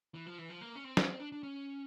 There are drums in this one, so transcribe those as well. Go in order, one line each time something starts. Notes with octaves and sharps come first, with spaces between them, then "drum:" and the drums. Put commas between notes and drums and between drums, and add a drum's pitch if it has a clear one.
E3
F3
E3
F3
A#3
C#4
C4
C#4, drum: snare
C4
D4
D4
C#4